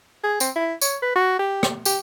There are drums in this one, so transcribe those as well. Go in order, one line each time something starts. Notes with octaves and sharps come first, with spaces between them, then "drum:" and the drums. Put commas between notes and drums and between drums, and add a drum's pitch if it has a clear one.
G#4
C4, drum: tambourine
E4
C#5, drum: tambourine
B4
F#4
G4
drum: rim click
G4, drum: tambourine